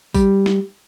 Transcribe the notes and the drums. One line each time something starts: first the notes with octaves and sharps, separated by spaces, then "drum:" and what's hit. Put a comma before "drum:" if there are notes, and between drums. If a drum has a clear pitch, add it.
G3, drum: kick A1, tambourine
drum: snare